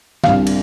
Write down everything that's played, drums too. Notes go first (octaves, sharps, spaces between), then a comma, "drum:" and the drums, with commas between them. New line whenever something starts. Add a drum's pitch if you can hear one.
C2 C3 G3 D4 F5, drum: snare
drum: cymbal